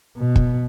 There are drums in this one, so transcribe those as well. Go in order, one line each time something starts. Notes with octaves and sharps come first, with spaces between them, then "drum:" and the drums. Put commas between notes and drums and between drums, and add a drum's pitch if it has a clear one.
B2
drum: kick